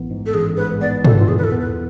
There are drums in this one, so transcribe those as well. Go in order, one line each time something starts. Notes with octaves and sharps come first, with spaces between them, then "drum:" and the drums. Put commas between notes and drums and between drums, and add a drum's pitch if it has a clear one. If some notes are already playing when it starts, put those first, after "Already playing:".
Already playing: A1 E3 B3
G#2
A4
A1 G#4
G#2 B4
B3 D5
E3 A4, drum: tom
F4
E2 G#4
B4
A4
B3
B4